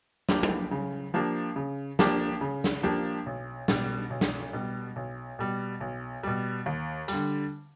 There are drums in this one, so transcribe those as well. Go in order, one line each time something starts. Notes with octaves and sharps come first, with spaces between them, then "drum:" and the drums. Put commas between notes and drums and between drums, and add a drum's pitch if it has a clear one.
F3 A#3 D4 G4, drum: snare
drum: tom
C#3
F3 A#3 D4 G4
C#3
F3 A#3 D4 G4, drum: snare
C#3
drum: snare
F3 A#3 D4 G4
B1
B2 G3, drum: snare
B1
drum: snare
B2 G3
B1
B2 G3
B1
B2 G3
D#2
D3 G3, drum: hi-hat